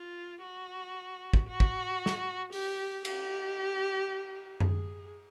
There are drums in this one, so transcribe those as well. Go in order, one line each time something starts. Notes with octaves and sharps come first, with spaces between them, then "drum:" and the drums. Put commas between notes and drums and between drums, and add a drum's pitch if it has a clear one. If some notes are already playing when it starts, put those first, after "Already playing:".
Already playing: F4
F#4
drum: kick
F#4
drum: kick
drum: snare
G4, drum: open hi-hat
G4, drum: cymbal
G#4, drum: tom F#2